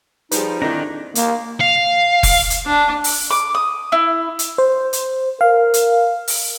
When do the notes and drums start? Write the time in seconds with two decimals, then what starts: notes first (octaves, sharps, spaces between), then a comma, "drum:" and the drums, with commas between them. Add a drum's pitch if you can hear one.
0.32 F3 G3 D#4 G#4 B4, drum: hi-hat
0.62 A#2 D3 D#3 C4 D4 E4 A#5
1.15 A#3, drum: hi-hat
1.61 F5
2.23 drum: kick F1, open hi-hat
2.50 drum: hi-hat
2.66 D4
3.04 drum: open hi-hat
3.30 D6
3.55 D#6
3.92 E4
4.39 drum: hi-hat
4.58 C5
4.93 drum: hi-hat
5.41 A#4 F5
5.74 drum: hi-hat
6.28 drum: open hi-hat